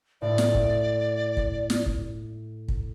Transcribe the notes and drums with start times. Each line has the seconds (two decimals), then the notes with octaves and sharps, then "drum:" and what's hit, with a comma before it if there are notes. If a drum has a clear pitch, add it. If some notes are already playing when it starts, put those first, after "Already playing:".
0.22 A2 D5
0.38 drum: snare
0.55 drum: kick
1.37 drum: kick
1.70 drum: snare
1.86 drum: kick
2.68 drum: kick